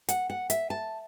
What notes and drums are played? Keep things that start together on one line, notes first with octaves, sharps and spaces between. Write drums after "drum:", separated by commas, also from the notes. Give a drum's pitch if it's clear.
F#5, drum: hi-hat
F#5
E5, drum: hi-hat
A5